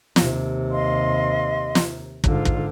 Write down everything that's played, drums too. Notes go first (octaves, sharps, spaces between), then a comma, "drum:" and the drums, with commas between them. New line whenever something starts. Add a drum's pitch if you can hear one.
D#2 C3, drum: snare
D#5 F5 C6
drum: snare
G#2 D3 F4, drum: kick
drum: kick